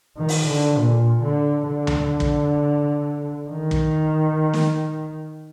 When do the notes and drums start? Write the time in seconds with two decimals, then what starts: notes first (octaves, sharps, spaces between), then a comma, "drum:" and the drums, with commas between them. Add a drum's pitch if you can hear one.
0.17 D#3
0.29 drum: open hi-hat
0.47 D3
0.77 A#2
1.22 D3
1.68 D3
1.87 drum: tom D2
2.20 drum: kick
3.50 D#3
3.71 drum: kick
4.53 drum: snare